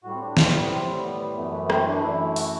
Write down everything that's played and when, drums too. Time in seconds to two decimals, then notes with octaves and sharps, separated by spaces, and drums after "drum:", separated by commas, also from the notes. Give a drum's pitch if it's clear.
0.04 A2 G3 F#4
0.14 C4
0.20 D4
0.37 C4, drum: snare
0.54 B3
0.70 A2 G3 C4
1.03 B3
1.36 F#2 E3 A3 B3
1.53 B3
1.65 B3
1.70 C4, drum: rim click
1.87 D4
2.03 F#2 E3 A3 E4
2.36 F#4, drum: open hi-hat